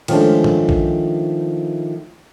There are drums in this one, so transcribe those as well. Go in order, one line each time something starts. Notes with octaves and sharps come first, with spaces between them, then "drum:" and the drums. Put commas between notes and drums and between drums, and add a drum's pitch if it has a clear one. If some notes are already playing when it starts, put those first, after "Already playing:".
D#3 F3 G#3 A3 C#4 D4, drum: cymbal
drum: tom G#2
drum: kick